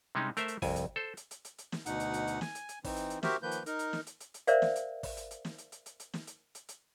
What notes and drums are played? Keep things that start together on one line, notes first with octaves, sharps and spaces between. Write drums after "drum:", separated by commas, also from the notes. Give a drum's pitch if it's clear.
C3 G3 G#3 C#4 D#4
A3 A#4 C5 E5, drum: hi-hat
drum: hi-hat
C2 F2 G#5, drum: kick, open hi-hat
drum: hi-hat
A4 C5
drum: hi-hat
drum: hi-hat
drum: hi-hat
drum: hi-hat
drum: snare
D2 B2 D#4 F#5, drum: hi-hat
drum: hi-hat
drum: hi-hat
drum: hi-hat
G#5, drum: snare
drum: hi-hat
drum: hi-hat
E3 C4 D#4, drum: kick, open hi-hat
drum: hi-hat
drum: hi-hat
F#4 G4 A#4 C5 E5, drum: snare
D#3 F3 A#3 B4 G6
drum: hi-hat
D#4 A#4, drum: hi-hat
drum: hi-hat
drum: snare
drum: hi-hat
drum: hi-hat
drum: hi-hat
A#4 C5 D5 E5 F5, drum: hi-hat
drum: snare
drum: hi-hat
drum: kick, open hi-hat
drum: hi-hat
drum: hi-hat
drum: snare
drum: hi-hat
drum: hi-hat
drum: hi-hat
drum: hi-hat
drum: snare
drum: hi-hat
drum: hi-hat
drum: hi-hat